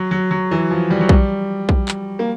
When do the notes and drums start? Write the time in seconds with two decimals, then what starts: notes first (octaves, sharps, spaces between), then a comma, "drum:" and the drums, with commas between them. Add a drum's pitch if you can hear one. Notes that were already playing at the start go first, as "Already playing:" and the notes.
Already playing: F#3
0.11 F#3
0.31 F#3
0.51 E3
0.71 F3
0.90 G3
1.01 F#3
1.09 G3, drum: kick
1.69 drum: kick
1.88 drum: clap
2.19 A#3